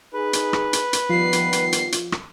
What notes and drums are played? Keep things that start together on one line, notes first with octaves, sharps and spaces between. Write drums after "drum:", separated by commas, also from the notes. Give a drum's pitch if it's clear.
D#4 G#4 B4
drum: hi-hat
drum: rim click
drum: hi-hat
drum: hi-hat
D#3 F3 G3 B3 F4 C7
drum: hi-hat
drum: hi-hat
drum: hi-hat
drum: hi-hat
drum: rim click